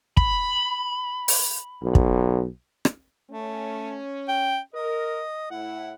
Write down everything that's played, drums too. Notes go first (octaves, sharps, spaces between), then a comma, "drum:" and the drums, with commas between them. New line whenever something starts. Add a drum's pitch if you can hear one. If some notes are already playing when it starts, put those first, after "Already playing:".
B5, drum: kick
drum: open hi-hat
B1
drum: kick
drum: rim click
A3 C#4
G5
A#4 D#5
A2 E4 F#5